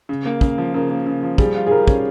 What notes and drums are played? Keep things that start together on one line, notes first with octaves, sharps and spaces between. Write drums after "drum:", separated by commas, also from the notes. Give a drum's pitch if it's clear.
C#3
A#3
C#3, drum: kick
F3
C#3 A#4
A#3
C#3
F3
G3 G#4, drum: kick
F4
G#4
G3 A#4
C#4, drum: kick